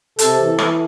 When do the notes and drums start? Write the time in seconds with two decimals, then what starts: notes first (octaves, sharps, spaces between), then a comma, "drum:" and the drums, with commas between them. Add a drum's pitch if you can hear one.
0.19 C3 A4, drum: hi-hat
0.39 E3
0.59 E3, drum: rim click